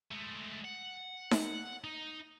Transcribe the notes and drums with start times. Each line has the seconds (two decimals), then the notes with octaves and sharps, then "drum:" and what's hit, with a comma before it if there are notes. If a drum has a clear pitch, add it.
0.12 G#3 A3
0.65 F#5
1.31 drum: snare D#4
1.84 D#4